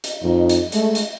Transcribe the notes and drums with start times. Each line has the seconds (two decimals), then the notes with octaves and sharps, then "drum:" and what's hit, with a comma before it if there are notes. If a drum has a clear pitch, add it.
0.04 drum: hi-hat
0.22 F2 D#4
0.49 drum: hi-hat
0.72 G#3 A3, drum: hi-hat
0.95 drum: hi-hat